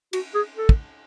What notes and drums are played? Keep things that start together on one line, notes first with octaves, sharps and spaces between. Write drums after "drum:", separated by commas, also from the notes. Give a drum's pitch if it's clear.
F#4, drum: cymbal
G#4
A4
drum: kick